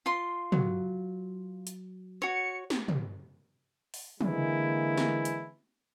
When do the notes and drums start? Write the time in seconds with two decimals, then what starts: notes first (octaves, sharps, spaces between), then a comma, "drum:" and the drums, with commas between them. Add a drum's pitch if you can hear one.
0.06 F4 C6
0.52 F#3, drum: tom
1.67 drum: hi-hat
2.22 F#4 C#5 C#7
2.70 drum: snare
2.88 drum: tom
3.94 drum: open hi-hat
4.21 D3 E3 G#3 A#3 E4, drum: tom
4.98 drum: snare
5.25 drum: hi-hat